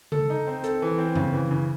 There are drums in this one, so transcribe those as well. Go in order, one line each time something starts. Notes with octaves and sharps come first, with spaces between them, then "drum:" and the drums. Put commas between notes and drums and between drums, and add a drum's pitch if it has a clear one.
A4, drum: tom C#3
D#4
C4
A4, drum: hi-hat
E3
C4
C#3, drum: tom F#2
E3
C#3